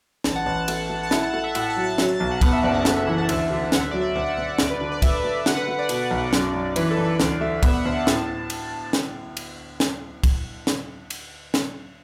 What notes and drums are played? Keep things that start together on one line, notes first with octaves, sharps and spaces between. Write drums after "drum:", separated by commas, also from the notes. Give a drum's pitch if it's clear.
A1 A5, drum: snare
F#5
A1 A5
A5
A3 F#5, drum: cymbal
A3
A5
E4 F#5, drum: snare
A5
A3 F#5
E5
A2 F#5, drum: cymbal
A5
F#3
A5
F#3 A5, drum: snare
A5
B1 A5
F#5
B3 F#5, drum: kick, cymbal
E5
F#1 D5
F#5
A3 F#5, drum: snare
E5
E3 F#5
A5
D2 F#5, drum: cymbal
D3
D2 F#5, drum: snare
E5
F#3 D5
E5
D2 F#5
F#5
D2 F#5
F#5
D2 D5, drum: snare
B4
D3 B4
D5
A3 E5, drum: kick, cymbal
A3 D5
D3 F#5, drum: snare
B4
A3 B4
D5
B2, drum: cymbal
B1
F#2, drum: snare
F#2
E3 B4, drum: cymbal
A4
E3
B4
D2 D5, drum: snare
A3 E5
B3 E5, drum: kick, cymbal
F#5
D2 F#5
A5
A2, drum: snare
drum: cymbal
drum: snare
drum: cymbal
drum: snare
drum: kick, cymbal
drum: snare
drum: cymbal
drum: snare